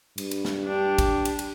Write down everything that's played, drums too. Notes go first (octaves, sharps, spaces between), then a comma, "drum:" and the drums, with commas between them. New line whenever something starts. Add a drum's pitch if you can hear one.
G2, drum: cymbal
drum: cymbal
drum: snare
D4 G4
drum: kick, cymbal
drum: cymbal
drum: cymbal